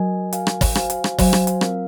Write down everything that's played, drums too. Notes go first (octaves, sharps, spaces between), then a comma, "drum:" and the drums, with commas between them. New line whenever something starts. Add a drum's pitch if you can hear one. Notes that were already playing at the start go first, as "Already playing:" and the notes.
Already playing: F#3 F#4 A#4 D#5 G#5
F#4 A#4 F5 G#5, drum: hi-hat
drum: rim click
drum: kick, open hi-hat
F#4 C5 F5 G#5, drum: rim click
drum: hi-hat
drum: rim click
F#3 F#4 C5 F5 G#5, drum: kick, open hi-hat
drum: rim click
drum: hi-hat
C4 F4 A#4 F5, drum: rim click